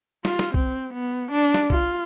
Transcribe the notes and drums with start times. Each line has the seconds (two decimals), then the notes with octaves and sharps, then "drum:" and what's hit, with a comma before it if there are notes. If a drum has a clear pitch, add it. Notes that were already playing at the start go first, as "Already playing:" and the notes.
0.25 F4, drum: snare
0.39 drum: snare
0.54 C4, drum: kick C2
0.93 B3
1.31 D4
1.54 drum: snare
1.70 F4, drum: kick C2